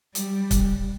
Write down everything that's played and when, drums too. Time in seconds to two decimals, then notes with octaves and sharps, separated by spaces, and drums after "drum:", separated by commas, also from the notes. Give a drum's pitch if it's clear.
0.15 G3, drum: hi-hat
0.51 drum: kick C#1, hi-hat